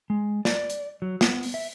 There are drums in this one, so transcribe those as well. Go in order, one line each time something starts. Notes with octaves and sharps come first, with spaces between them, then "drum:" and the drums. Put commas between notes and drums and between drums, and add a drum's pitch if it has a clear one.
G#3
D5, drum: snare
drum: hi-hat
F#3
B3, drum: snare
drum: open hi-hat
E5